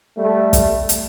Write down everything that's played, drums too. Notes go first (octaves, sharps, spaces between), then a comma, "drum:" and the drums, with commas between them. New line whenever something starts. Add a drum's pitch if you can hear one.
G3 A3
drum: kick, hi-hat
drum: hi-hat